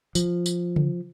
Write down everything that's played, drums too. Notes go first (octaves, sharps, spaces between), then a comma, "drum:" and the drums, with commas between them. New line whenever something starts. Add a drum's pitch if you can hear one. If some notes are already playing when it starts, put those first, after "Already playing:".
F3, drum: tambourine
drum: tambourine
drum: tom C#3